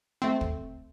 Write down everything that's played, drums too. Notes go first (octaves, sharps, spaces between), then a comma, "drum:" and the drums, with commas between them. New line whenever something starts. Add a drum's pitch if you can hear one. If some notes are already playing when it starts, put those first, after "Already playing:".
A3 C4
drum: kick